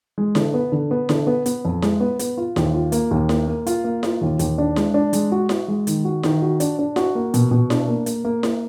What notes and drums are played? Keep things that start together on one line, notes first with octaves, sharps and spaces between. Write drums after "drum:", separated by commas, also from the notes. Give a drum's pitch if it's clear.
G#3
D3, drum: snare E4
B3
D3
B3
D3, drum: snare E4
B3
B3, drum: hi-hat
F2
G#3, drum: snare E4
B3
B3, drum: hi-hat
F4
D#2, drum: snare E4
F4
A#3, drum: hi-hat
D#2
A#3, drum: snare E4
A#3
F4, drum: hi-hat
A#3
F4, drum: snare E4
D#2
D#2, drum: hi-hat
D4
G#3, drum: snare E4
D4
G#3, drum: hi-hat
F#4
F#4, drum: snare E4
G#3
D#3, drum: hi-hat
F#4
D#3, drum: snare E4
F#4
D4, drum: hi-hat
D4
F#4, drum: snare E4
A#3
B2, drum: hi-hat
B2
D4, drum: snare E4
A#3
A#3, drum: hi-hat
A#3
A#3, drum: snare E4